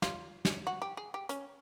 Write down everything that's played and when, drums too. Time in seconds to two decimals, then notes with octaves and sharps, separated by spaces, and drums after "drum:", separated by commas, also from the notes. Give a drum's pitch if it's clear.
0.02 F4, drum: snare
0.45 drum: snare
0.67 F#4
0.82 G4
0.97 G#4
1.14 G4
1.29 C#4, drum: hi-hat